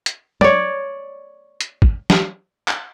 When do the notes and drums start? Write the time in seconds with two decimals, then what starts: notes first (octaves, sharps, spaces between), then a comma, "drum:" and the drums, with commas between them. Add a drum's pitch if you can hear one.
0.06 drum: hi-hat
0.41 C#5 D5, drum: tom
1.61 drum: hi-hat
1.82 drum: kick
2.10 drum: snare
2.68 drum: clap